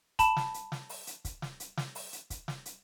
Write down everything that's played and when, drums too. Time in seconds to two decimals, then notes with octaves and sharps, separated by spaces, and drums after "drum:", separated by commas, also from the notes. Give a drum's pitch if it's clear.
0.19 A5 B5 E7, drum: kick, hi-hat
0.37 drum: snare
0.54 drum: hi-hat
0.72 drum: snare
0.89 drum: open hi-hat
1.07 drum: hi-hat
1.25 drum: kick, hi-hat
1.42 drum: snare
1.60 drum: hi-hat
1.77 drum: snare
1.95 drum: open hi-hat
2.13 drum: hi-hat
2.30 drum: kick, hi-hat
2.48 drum: snare
2.66 drum: hi-hat